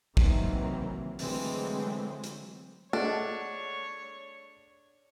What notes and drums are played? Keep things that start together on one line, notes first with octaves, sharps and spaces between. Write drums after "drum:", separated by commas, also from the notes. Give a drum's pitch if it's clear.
C3 D#3 E3 F#3 A#3 C4, drum: kick
D3 E3 F#3 G#3 A3 C4, drum: open hi-hat
drum: hi-hat
A3 D4 G#4 C#5 D#5 F#5